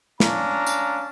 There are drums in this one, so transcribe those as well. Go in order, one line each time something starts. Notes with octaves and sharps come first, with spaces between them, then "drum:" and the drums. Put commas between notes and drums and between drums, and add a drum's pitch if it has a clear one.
C#4 D4 F5 A#5, drum: snare
drum: tambourine